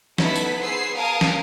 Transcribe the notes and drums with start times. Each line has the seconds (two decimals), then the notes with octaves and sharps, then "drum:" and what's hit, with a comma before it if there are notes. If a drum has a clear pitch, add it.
0.18 B3 D#4 E4 A4 B6, drum: snare
0.36 drum: tambourine
0.61 B3 G#4 B4 C5 E6 C7
0.95 A#4 F5 G#5 A5 D#6
1.21 drum: snare